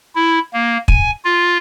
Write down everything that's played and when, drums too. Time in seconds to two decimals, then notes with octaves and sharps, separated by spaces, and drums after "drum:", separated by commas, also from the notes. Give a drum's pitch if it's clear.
0.15 E4
0.53 A#3
0.88 G#5, drum: kick
1.25 F4